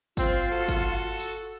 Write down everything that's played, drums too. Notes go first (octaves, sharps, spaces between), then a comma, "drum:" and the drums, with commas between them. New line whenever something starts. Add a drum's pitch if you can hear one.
C4 F4, drum: kick G1, tambourine
F#4 A4
drum: kick G1, tambourine
drum: tambourine